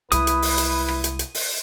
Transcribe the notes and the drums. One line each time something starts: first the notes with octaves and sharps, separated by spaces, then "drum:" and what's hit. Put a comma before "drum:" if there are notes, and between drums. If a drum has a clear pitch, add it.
C2 G#3 E4 B4 D#6, drum: hi-hat
drum: hi-hat
drum: open hi-hat
drum: hi-hat
drum: rim click
drum: hi-hat
drum: hi-hat
drum: open hi-hat